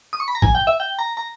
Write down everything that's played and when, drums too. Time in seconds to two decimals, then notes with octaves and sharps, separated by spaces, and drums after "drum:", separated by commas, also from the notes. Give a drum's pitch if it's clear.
0.13 D#6
0.20 C#6
0.28 B5
0.35 A#5
0.42 G#5, drum: kick
0.55 G5
0.67 E5
0.80 G5
0.99 A#5
1.17 A#5